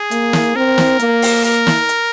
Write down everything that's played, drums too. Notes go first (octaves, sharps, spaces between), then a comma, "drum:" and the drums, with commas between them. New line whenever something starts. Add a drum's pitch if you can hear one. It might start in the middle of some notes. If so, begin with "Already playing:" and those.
Already playing: G#4
A#3, drum: hi-hat
drum: snare
C4 A#4
drum: snare
A#3, drum: hi-hat
drum: open hi-hat
A#4, drum: hi-hat
drum: snare
drum: hi-hat